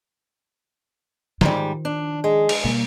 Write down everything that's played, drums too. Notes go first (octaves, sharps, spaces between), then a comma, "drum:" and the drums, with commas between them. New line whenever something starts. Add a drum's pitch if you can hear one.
G#2 D#3 F3 G3, drum: snare
D4
G#3 G#4
drum: cymbal
B2 G3 A#3